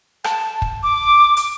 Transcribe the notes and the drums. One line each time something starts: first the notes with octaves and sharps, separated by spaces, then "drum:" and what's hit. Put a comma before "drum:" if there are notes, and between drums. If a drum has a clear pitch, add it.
A5, drum: rim click
drum: kick
D6
drum: hi-hat